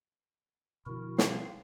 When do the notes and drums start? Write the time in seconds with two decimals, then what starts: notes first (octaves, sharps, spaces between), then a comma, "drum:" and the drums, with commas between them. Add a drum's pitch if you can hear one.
0.86 B2 D3 F3 E4 F#4 A#4
1.18 C4 F4 F5, drum: snare